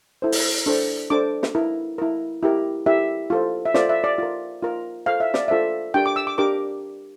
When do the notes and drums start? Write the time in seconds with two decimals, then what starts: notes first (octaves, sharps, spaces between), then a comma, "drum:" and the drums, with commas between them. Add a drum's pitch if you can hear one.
0.22 E4 A4 C5
0.32 drum: open hi-hat
0.66 D4 A4 C5
1.10 D4 A4 C5 D6
1.43 drum: snare
1.55 E4 A#4
1.98 E4 A#4
2.43 E4 G4 A#4
2.86 E4 G4 A#4 E5
3.30 F4 A4 C5
3.65 E5
3.74 F4 A4 C5 D5, drum: snare
3.89 E5
4.04 D5
4.18 F4 A#4
4.62 F4 A#4
5.06 F4 A4 C5 F5
5.20 E5
5.34 D5, drum: snare
5.48 F4 A4 C5 E5
5.94 D4 G4 A#4 G5
6.06 D6
6.16 E6
6.27 D6
6.38 D4 G4 A#4 D6